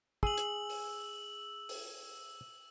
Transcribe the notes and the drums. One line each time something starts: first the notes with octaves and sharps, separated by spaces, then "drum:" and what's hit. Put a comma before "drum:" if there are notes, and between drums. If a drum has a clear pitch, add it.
G#4 E6 F#7, drum: kick
drum: hi-hat
drum: open hi-hat
drum: open hi-hat